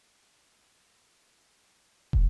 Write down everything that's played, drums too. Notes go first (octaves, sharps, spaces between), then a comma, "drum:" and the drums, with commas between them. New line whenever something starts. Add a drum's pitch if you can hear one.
G3 B3 E4
drum: kick